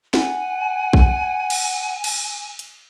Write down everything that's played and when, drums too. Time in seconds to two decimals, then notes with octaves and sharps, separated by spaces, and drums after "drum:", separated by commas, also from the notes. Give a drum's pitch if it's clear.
0.14 F#5 G#5, drum: snare
0.93 drum: kick
1.50 drum: cymbal
2.04 drum: cymbal
2.59 drum: hi-hat